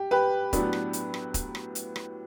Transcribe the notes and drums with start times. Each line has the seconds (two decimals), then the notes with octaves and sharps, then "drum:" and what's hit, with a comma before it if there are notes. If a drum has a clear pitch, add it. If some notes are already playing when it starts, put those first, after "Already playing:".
Already playing: G4
0.11 G4 B4
0.53 A2 F#3 B3 D4, drum: kick, hi-hat
0.73 drum: rim click
0.93 drum: hi-hat
1.14 drum: rim click
1.34 drum: kick, hi-hat
1.55 drum: rim click
1.75 drum: hi-hat
1.96 drum: rim click